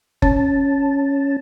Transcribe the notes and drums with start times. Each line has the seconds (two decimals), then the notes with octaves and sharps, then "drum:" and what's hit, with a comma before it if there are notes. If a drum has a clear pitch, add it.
0.22 C#4 A5, drum: kick F#1